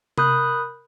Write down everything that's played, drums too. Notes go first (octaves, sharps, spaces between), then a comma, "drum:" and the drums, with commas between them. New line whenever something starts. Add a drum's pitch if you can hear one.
A#4 B5 D#6 F#6 G6, drum: tom C3